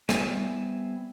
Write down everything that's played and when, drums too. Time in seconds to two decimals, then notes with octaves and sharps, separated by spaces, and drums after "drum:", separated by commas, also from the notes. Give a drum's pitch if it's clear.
0.09 G3 B3 C4 E5 G#5, drum: snare